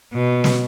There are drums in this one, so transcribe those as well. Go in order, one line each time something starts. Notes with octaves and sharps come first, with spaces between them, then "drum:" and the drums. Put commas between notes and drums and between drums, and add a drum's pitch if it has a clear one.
B2
drum: snare